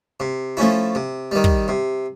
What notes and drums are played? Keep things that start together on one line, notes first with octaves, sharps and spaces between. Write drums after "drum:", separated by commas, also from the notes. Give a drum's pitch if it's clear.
C3
F3 A3 C#4 E4
C3
D#3 G3
drum: kick
C3